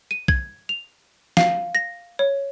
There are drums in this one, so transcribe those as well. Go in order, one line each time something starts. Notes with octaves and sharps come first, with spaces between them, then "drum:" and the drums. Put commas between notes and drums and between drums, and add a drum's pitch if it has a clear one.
D#7
G#6, drum: kick
F7
F5, drum: snare
A#6
C#5